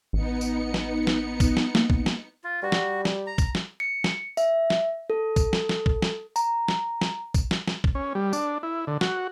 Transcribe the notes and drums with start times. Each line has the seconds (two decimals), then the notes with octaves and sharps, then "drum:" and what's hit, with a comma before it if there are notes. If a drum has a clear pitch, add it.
0.13 A1 B3 D#4 C#7
0.41 drum: tambourine
0.74 drum: snare
1.07 drum: snare
1.40 drum: kick A#1, tambourine
1.57 drum: snare
1.75 A#3, drum: snare
1.90 drum: kick A#1
2.06 drum: snare
2.44 F4
2.63 G3 F#4
2.72 drum: snare
3.05 drum: snare
3.27 A#5
3.38 drum: kick A#1, tambourine
3.55 drum: snare
3.80 C#7
4.04 drum: snare
4.37 E5, drum: tambourine
4.70 drum: snare
5.10 A4
5.36 drum: kick A#1, tambourine
5.53 drum: snare
5.69 drum: snare
5.86 drum: kick A#1
6.02 drum: snare
6.36 A#5, drum: tambourine
6.68 drum: snare
7.01 drum: snare
7.34 drum: kick A#1, tambourine
7.51 drum: snare
7.68 drum: snare
7.84 drum: kick A#1
7.95 C#4
8.15 G3
8.33 D4, drum: tambourine
8.63 E4
8.87 D3
9.01 F#4, drum: snare